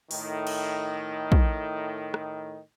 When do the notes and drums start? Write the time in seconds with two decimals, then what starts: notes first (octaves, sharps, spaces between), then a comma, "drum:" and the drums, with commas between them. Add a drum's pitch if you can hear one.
0.11 A2 D#3, drum: open hi-hat
0.47 drum: cymbal
1.32 drum: kick
2.14 drum: rim click